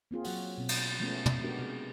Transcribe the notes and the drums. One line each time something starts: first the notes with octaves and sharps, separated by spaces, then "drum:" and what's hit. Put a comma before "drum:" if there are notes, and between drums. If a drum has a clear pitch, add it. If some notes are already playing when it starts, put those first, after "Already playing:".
A#3 C4 F4 G#4
F#3 F#4 F#5, drum: open hi-hat
B2 C4
drum: cymbal
F3 G#3 A3 B3 C#4
drum: tom
G#3 B3 D4 F#4 G4 A#4
C3 G#4